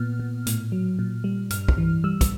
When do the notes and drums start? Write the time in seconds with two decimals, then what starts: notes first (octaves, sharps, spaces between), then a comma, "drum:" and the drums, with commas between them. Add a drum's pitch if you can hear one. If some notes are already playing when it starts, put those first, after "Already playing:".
Already playing: A#2 B3 F6
0.20 A#2
0.47 A2, drum: hi-hat
0.72 F#3
0.99 A#2
1.24 G3
1.50 G2 F6, drum: hi-hat
1.68 drum: kick
1.78 E3
2.04 G3 E6
2.21 drum: kick, hi-hat